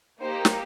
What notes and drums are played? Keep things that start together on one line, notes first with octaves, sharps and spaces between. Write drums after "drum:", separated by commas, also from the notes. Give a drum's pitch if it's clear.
A#3 D#4 G4 C5
drum: snare